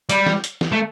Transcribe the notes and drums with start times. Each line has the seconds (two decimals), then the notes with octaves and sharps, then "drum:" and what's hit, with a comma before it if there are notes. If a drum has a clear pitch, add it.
0.09 G3, drum: hi-hat
0.26 drum: snare
0.44 drum: hi-hat
0.61 drum: snare
0.72 A3